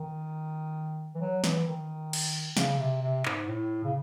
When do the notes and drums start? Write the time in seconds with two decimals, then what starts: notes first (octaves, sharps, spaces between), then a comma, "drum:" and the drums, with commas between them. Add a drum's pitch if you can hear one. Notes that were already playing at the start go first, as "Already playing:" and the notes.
Already playing: D#3
1.15 E3
1.21 F#3
1.44 E3, drum: snare
1.67 D#3
2.13 drum: cymbal
2.57 C#3, drum: snare
2.79 C3
3.02 C3
3.25 G#2, drum: clap
3.47 A2
3.84 C#3